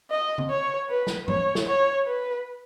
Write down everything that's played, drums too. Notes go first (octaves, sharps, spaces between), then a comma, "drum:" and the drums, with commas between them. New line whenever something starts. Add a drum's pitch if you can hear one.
D#5
drum: tom D3
C#5
B4
drum: snare
C#5, drum: tom G#2
drum: snare
C#5
B4